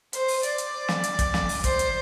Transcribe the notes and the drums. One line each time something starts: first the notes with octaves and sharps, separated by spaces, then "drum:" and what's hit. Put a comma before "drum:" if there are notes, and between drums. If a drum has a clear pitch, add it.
C5, drum: hi-hat
drum: open hi-hat
D5, drum: hi-hat
drum: hi-hat
drum: snare
drum: hi-hat
drum: kick, hi-hat
drum: snare
drum: open hi-hat
C5, drum: kick, hi-hat
drum: hi-hat